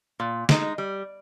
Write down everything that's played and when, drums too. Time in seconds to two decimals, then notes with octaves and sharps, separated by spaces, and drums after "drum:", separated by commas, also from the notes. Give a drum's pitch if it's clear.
0.20 A#2
0.49 G#3 D#4, drum: snare
0.78 G3